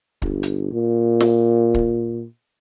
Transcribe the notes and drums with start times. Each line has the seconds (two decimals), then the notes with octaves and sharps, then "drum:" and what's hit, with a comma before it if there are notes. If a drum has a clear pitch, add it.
0.22 G1, drum: kick
0.43 drum: hi-hat
0.72 A#2
1.20 drum: snare
1.74 drum: kick